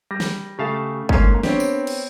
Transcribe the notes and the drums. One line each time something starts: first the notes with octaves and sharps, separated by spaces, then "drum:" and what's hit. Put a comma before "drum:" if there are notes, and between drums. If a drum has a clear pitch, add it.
G3 A#6
drum: snare
C#3 A3 G4 F5 A5
G#2 A#3 C#4 F5, drum: kick
B3 C4 D4 G4 C#5, drum: snare
drum: tambourine
drum: cymbal